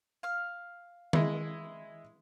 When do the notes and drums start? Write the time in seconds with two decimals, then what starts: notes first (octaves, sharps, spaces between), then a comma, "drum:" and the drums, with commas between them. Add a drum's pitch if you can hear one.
0.23 F5 F6
1.13 G#3 E4, drum: tom D#3